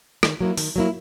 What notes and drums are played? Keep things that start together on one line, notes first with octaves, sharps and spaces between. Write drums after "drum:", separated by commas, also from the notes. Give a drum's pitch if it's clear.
D#3, drum: rim click
F#3 A#3 E4
D#3, drum: open hi-hat
F#3 A#3 E4